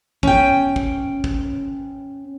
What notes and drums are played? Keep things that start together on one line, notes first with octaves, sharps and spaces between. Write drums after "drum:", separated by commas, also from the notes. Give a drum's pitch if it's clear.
C#4 G5, drum: kick
drum: kick
drum: kick